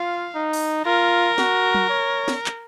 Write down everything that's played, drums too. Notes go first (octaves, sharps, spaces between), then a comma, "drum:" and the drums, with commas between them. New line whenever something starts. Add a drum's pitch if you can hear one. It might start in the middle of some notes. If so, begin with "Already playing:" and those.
Already playing: F4 F5
D#4
drum: open hi-hat
F4 A#4
F#4, drum: snare
drum: tom F#3
C#5
drum: snare
drum: clap